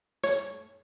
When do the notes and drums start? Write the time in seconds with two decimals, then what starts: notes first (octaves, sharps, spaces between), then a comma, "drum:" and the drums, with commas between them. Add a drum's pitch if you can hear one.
0.24 C#5, drum: snare